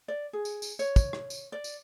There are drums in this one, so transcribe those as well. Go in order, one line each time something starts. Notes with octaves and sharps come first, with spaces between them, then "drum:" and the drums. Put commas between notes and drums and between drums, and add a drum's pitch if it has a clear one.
D5
G#4
drum: tambourine
drum: tambourine
C#5, drum: tambourine
drum: kick, tambourine
drum: rim click
drum: tambourine
D5
drum: tambourine